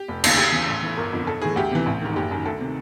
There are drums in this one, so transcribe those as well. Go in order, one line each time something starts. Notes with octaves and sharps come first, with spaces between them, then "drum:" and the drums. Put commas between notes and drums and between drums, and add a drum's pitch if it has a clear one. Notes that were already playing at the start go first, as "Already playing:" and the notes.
Already playing: G4
F1
D#2 C#3, drum: cymbal
D2 G4
C#3 E3
A1
A2 E3
G1 A#4
F2 D3
B1 A4
A2 E3 G#4
D2 G4
C3 E3
A1
G#2 D#3
F#1 G4
F#2 D#3
D2 A4
C3 D#3